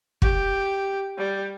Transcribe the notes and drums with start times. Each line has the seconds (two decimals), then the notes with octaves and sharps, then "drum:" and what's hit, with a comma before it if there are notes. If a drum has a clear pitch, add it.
0.22 G4, drum: kick
1.18 G3